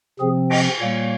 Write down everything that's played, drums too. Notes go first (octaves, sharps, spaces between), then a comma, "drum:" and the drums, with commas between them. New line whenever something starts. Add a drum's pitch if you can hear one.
C3 F3 C4 G#4
D#5 G5, drum: cymbal
A#2 G3 A#3 C#5 F5